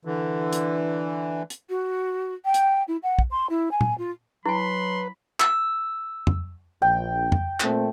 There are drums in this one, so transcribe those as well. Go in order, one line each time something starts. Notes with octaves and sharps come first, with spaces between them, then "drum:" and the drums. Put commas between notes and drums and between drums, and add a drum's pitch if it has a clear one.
D3 E3
drum: hi-hat
drum: hi-hat
F#4
G5
drum: hi-hat
E4
F#5
drum: kick
C6
E4
G#5
drum: tom A#2
F4
F#3 E4 B4 G#5 B5 C6
E6, drum: clap
drum: tom F2
A#1 G5
drum: tom F2
A#2 A3 C4, drum: clap